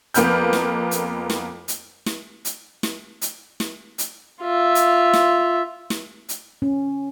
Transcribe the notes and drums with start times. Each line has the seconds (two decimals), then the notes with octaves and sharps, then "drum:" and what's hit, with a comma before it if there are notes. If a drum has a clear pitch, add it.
0.14 F2 A#3 B3 B4 F6 G6, drum: hi-hat
0.53 drum: snare
0.91 drum: hi-hat
1.30 drum: snare
1.68 drum: hi-hat
2.06 drum: snare
2.45 drum: hi-hat
2.83 drum: snare
3.22 drum: hi-hat
3.60 drum: snare
3.98 drum: hi-hat
4.42 F4 E5
4.75 drum: hi-hat
5.13 drum: snare
5.90 drum: snare
6.29 drum: hi-hat
6.62 C#4